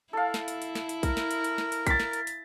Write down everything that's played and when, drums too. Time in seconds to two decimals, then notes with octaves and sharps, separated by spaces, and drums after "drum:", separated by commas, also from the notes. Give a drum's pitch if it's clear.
0.13 E4 A4 F5
0.34 drum: snare
0.48 drum: hi-hat
0.62 drum: hi-hat
0.75 drum: snare
0.89 drum: hi-hat
1.03 A#4, drum: kick, hi-hat
1.17 drum: snare
1.31 drum: hi-hat
1.44 drum: hi-hat
1.58 drum: snare
1.72 drum: hi-hat
1.87 A6 B6, drum: kick, hi-hat
2.00 drum: snare
2.13 drum: hi-hat
2.27 drum: hi-hat